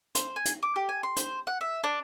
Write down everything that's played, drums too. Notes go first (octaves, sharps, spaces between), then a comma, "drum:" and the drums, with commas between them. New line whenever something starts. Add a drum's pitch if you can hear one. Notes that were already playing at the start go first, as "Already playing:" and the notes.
C5, drum: hi-hat
G#5
drum: hi-hat
D6
G4
G#5
C6
C5, drum: hi-hat
F#5
E5
D4